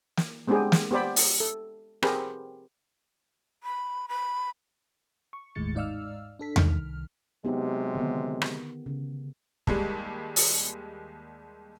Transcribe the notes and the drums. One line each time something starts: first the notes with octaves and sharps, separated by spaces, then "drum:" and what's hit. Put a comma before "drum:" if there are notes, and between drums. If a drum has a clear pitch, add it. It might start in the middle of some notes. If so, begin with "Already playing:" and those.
drum: snare
G#3 B3 C4 D4 G4 G#4
drum: snare
B3 G4 C5 D5 B5
drum: open hi-hat
A4
C4 G4 G#4 A#4 B4, drum: rim click
B5
B5
C#6
G1 D#2 A2 G#3 A6 C#7
G#2 D#4 D5 F5 E6 F6
D4 A4 B6
C2 D#3 F6, drum: tom E2
C3 F#3 G#3 B3 D#4 G4
D3 D#3 B3
drum: rim click
C#3
D#2 G3 G#3, drum: kick
drum: open hi-hat